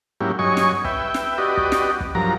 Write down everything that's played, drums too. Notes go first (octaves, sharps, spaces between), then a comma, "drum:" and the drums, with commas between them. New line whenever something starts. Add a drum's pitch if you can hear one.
G#2 F#3 A#3 C#4 E4 G4
G2 F#3 C#5 D#5 G#5 C#6
drum: snare
B4 E5 G5, drum: kick
drum: snare
F#4 G4 B4 D5 D#5
drum: kick
drum: snare
drum: kick
G2 F3 F#3 A#4 A#5